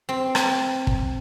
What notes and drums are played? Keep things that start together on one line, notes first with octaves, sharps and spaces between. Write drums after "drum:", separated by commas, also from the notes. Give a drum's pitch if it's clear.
C4
drum: rim click
drum: kick